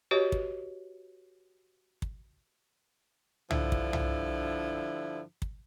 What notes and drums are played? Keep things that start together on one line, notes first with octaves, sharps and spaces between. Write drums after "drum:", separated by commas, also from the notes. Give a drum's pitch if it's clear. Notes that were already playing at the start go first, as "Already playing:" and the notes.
F#4 G4 B4 C#5 D#5
drum: kick
drum: kick
G2 D3 F3 E4, drum: tom C2
drum: kick
drum: tom C2
drum: kick